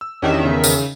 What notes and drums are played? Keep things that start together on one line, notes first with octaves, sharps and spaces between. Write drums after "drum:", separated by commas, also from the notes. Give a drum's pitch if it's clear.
E6
E2 D#3 C#4 D4 G4 E5
C#3
C#3, drum: tambourine